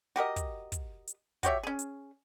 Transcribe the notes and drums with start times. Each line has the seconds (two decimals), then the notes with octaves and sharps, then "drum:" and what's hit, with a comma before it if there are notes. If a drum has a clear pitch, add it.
0.16 F#4 G4 A#4 D#5
0.36 drum: kick, hi-hat
0.72 drum: kick, hi-hat
1.07 drum: hi-hat
1.43 F#4 G4 C#5 E5, drum: kick, hi-hat
1.63 C#4 G#4
1.79 drum: hi-hat